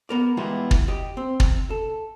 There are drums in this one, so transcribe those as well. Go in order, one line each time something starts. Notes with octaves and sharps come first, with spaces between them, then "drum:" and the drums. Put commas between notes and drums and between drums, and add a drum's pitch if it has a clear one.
B3 A#4 D5
E3 G3 G#3 B3 E4 F4
drum: kick
G4 D#5
C4
C3, drum: kick
A4